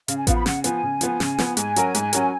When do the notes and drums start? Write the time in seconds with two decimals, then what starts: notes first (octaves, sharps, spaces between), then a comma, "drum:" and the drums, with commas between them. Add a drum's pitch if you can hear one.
0.08 C#3 F5, drum: hi-hat
0.18 G#5
0.27 F3 B3 F5, drum: kick A1, hi-hat
0.36 B5
0.46 C#3 F#5, drum: snare
0.64 F3 B3 G#5, drum: hi-hat
0.83 C#3
1.01 F3 B3, drum: hi-hat
1.20 C#3, drum: snare
1.38 F3 B3, drum: snare
1.57 G#2 G#5, drum: hi-hat
1.76 F#3 C#4 F#4 A#4, drum: hi-hat
1.95 G#2, drum: hi-hat
2.13 F#3 C#4 F#4 A#4, drum: hi-hat